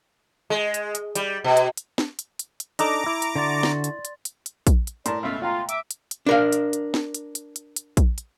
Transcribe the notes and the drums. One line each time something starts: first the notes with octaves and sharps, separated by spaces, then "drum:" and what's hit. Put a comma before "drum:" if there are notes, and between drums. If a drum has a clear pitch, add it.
G#3
drum: hi-hat
drum: hi-hat
G3, drum: hi-hat
B2
drum: hi-hat
drum: hi-hat
drum: snare
drum: hi-hat
drum: hi-hat
drum: hi-hat
D4 D#4 A4 A#5 D6, drum: hi-hat
E4
drum: hi-hat
D3 F#4 D5 C6 A6
drum: snare
drum: hi-hat
drum: hi-hat
drum: hi-hat
drum: hi-hat
drum: kick A#1, hi-hat
drum: hi-hat
A2 A#4 D5 A5 C6, drum: hi-hat
C#2 B2 A3 C#4 E5 F5
F4 F5 G5 A#5 C6
E5 D6 E6, drum: hi-hat
drum: hi-hat
drum: hi-hat
D4 A#4 F5
drum: hi-hat
drum: hi-hat
drum: snare
drum: hi-hat
drum: hi-hat
drum: hi-hat
drum: hi-hat
drum: kick A#1, hi-hat
drum: hi-hat